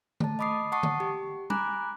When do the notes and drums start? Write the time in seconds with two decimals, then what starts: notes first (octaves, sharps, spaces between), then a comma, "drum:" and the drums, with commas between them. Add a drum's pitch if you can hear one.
0.20 A3 A5, drum: tom D3
0.39 D#5 B5 D6 D#6 C7
0.72 F#5 A5 C#6 D#6 C7
0.83 drum: tom D3
1.00 G4
1.50 G#5 A#5 B5 D6 F#6, drum: tom G3